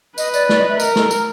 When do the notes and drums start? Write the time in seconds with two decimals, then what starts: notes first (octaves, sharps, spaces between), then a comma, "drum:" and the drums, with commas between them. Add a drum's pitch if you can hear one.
0.18 B4 D#5, drum: tambourine
0.34 D5, drum: tambourine
0.49 D5, drum: snare
0.59 D#5
0.69 E5
0.80 A#4 D#5, drum: tambourine
0.96 A4, drum: snare
1.11 drum: tambourine